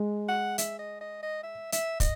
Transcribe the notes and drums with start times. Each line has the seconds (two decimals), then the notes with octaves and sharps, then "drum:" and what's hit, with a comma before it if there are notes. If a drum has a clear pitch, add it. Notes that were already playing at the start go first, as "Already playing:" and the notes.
Already playing: G#3
0.29 F#5
0.58 E5, drum: hi-hat
0.79 D#5
1.01 D#5
1.22 D#5
1.43 E5
1.72 E5, drum: hi-hat
2.00 D#5, drum: kick, hi-hat